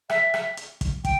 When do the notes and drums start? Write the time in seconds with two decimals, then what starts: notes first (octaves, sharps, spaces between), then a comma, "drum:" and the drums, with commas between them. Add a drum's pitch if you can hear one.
0.09 E5, drum: rim click
0.34 drum: rim click
0.57 drum: hi-hat
0.81 drum: kick, hi-hat
1.05 G5, drum: kick, hi-hat